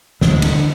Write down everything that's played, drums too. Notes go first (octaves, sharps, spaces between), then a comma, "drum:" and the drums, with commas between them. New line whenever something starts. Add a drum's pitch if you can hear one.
D2 E3 G#3, drum: snare
D3, drum: cymbal